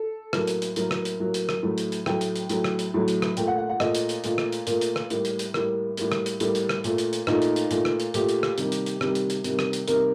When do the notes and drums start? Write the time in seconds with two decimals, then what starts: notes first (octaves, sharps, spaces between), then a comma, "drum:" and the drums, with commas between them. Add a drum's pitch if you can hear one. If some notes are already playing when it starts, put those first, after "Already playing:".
Already playing: A4
0.33 A2 F#3 A#3, drum: rim click
0.47 drum: hi-hat
0.62 drum: hi-hat
0.76 A2 F#3 A#3 A#4, drum: hi-hat
0.91 drum: rim click
1.05 drum: hi-hat
1.20 A2 F#3 A#3
1.34 drum: hi-hat
1.49 drum: rim click
1.63 A2 F#3 A3
1.78 drum: hi-hat
1.92 drum: hi-hat
2.06 A2 F#3 A3 G5, drum: rim click
2.21 drum: hi-hat
2.36 drum: hi-hat
2.49 A2 F#3 A3, drum: hi-hat
2.64 drum: rim click
2.79 drum: hi-hat
2.94 A2 F#3 A3
3.08 drum: hi-hat
3.22 drum: rim click
3.37 A#2 A3 G5, drum: hi-hat
3.48 F#5
3.58 F#5
3.69 F#5
3.80 A#2 A3 D#5, drum: rim click
3.95 drum: hi-hat
4.09 drum: hi-hat
4.24 A#2 A3, drum: hi-hat
4.38 drum: rim click
4.52 drum: hi-hat
4.67 A#2 A3 A#4, drum: hi-hat
4.81 drum: hi-hat
4.96 drum: rim click
5.10 A2 G3 A#3, drum: hi-hat
5.25 drum: hi-hat
5.39 drum: hi-hat
5.54 A2 G3 A#3, drum: rim click
5.97 A2 G3 A#3, drum: hi-hat
6.12 drum: rim click
6.26 drum: hi-hat
6.40 A2 G3 A#3 A4, drum: hi-hat
6.55 drum: hi-hat
6.69 drum: rim click
6.84 A#2 A3, drum: hi-hat
6.98 drum: hi-hat
7.13 drum: hi-hat
7.27 A#2 A3 D#4, drum: rim click
7.42 drum: hi-hat
7.56 drum: hi-hat
7.71 A#2 A3, drum: hi-hat
7.85 drum: rim click
8.00 drum: hi-hat
8.14 A#2 A3 G4, drum: hi-hat
8.29 drum: hi-hat
8.43 drum: rim click
8.58 C3 D#3 G3 A#3, drum: hi-hat
8.72 drum: hi-hat
8.86 drum: hi-hat
9.01 C3 D#3 G3 A#3, drum: rim click
9.15 drum: hi-hat
9.30 drum: hi-hat
9.44 C3 D#3 G3 A#3, drum: hi-hat
9.59 drum: rim click
9.73 drum: hi-hat
9.88 C3 D#3 G3 A#3 A#4, drum: hi-hat